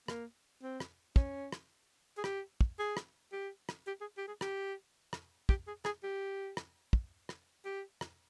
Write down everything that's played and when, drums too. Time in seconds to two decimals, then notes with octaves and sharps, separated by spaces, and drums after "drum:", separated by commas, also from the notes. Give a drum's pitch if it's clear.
0.08 A#3, drum: rim click
0.63 C4
0.80 drum: rim click
1.16 C#4, drum: kick
1.52 drum: rim click
2.18 G#4
2.24 G4, drum: rim click
2.61 drum: kick
2.79 G#4
2.97 drum: rim click
3.32 G4
3.69 drum: rim click
3.87 G4
4.01 G#4
4.17 G4
4.27 G#4
4.41 G4, drum: rim click
5.13 drum: rim click
5.49 G4, drum: kick
5.67 G#4
5.85 G#4, drum: rim click
6.03 G4
6.57 drum: rim click
6.93 drum: kick
7.29 drum: rim click
7.65 G4
8.01 drum: rim click